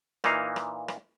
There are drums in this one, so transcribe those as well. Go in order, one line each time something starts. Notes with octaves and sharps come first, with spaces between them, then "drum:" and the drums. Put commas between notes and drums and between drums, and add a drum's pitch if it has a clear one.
A#2 E3 D#4 F5, drum: rim click
drum: rim click
drum: rim click